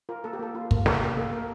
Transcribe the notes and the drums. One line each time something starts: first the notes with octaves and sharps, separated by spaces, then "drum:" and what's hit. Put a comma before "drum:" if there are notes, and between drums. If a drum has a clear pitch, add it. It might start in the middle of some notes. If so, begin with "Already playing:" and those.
F4 A#4
A#3 A4
G4
A#3 A4
F4
A#3, drum: kick
A#3 A4, drum: snare
A#3 G4
A#3 A4
A#3 A#4